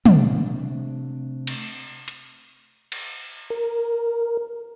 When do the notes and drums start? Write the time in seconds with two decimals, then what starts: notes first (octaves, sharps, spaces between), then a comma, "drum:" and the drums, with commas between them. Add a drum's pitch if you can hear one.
0.06 C3 A3 D4, drum: tom
1.47 drum: cymbal
2.08 drum: hi-hat
2.92 drum: cymbal
3.50 A#4